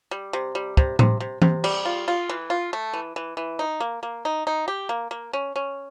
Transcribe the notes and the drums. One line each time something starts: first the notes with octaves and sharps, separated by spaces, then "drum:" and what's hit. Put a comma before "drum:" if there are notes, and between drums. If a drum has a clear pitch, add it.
G3
C3
G3
C3, drum: kick
C3, drum: tom A2
C3
C3, drum: tom
G3, drum: cymbal
F4
F4
E3
F4
A3
E3
E3
E3
D#4
A#3
A#3
D#4
D#4
G4
A#3
A#3
C#4
C#4